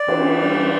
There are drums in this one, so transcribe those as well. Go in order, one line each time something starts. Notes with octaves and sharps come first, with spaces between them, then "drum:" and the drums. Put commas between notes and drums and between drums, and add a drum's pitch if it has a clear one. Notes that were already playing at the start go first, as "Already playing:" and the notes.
Already playing: D5
E3, drum: cymbal
E3
G3
E3